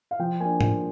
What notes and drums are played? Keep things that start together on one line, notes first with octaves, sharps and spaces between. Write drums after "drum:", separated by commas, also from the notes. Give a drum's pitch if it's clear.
F5
F3 G5
A#3 D4 G#5
F3, drum: tom